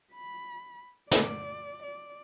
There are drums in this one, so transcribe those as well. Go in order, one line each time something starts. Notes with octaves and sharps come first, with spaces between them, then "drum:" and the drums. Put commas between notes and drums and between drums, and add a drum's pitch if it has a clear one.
B5
D5, drum: snare
D5